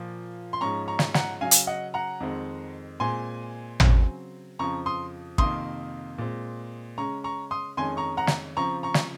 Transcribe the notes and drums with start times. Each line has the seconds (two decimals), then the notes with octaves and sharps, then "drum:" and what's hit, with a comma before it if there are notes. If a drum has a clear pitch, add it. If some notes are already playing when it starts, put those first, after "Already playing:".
Already playing: A#2 F3 A#3
0.53 C6
0.61 G#2 F3 G#3 C#4 A#5 C#6
0.88 A#5 C#6
0.99 drum: snare
1.14 F#5 A#5, drum: snare
1.41 C#3 F#3 C#4 F5 G#5
1.51 drum: hi-hat
1.67 D#5 F#5
1.94 F#5 A#5
2.20 F2 D#3 G#3 C4
3.00 A#2 G#3 C4 G#5 C6
3.80 C#3 F#3 C4, drum: tom
4.59 F2 C#3 F3 C4 A#5 C#6
4.86 C6 D#6
5.38 F2 C3 D#3 A#3 C6 D#6, drum: kick
6.18 A#2 G#3 C4
6.98 C#3 G#3 C#4 A#5 C#6
7.24 A#5 C#6
7.51 C6 D#6
7.77 F2 D#3 G#3 C#4 G#5 C6
7.97 A#5 C#6
8.17 F#5 A#5
8.27 drum: snare
8.57 C#3 F3 C4 A#5 C#6
8.83 A#5 C#6
8.94 drum: snare